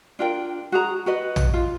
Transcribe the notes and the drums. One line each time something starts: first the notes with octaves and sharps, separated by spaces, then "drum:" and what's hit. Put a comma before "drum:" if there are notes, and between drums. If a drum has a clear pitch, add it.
D4 F4 A#4 G5
F#4 G#4 A#5
F#4 B4 D#5
drum: tom A#1
F4